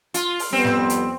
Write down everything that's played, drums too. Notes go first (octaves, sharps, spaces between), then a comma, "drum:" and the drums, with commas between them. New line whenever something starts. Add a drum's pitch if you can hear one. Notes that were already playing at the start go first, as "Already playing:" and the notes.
F4, drum: hi-hat
drum: open hi-hat
F2 G3 B3 C4
drum: snare
drum: hi-hat